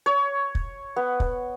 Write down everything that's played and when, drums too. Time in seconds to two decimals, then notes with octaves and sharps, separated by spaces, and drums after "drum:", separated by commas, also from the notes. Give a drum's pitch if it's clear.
0.06 C#5
0.55 drum: kick
0.96 B3
1.20 drum: kick